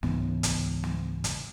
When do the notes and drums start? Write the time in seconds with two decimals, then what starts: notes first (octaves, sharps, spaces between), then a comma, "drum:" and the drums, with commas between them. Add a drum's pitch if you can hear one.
0.03 C#2 G#2 E3 B3, drum: snare
0.43 drum: kick, hi-hat
0.84 drum: snare
1.24 drum: kick, hi-hat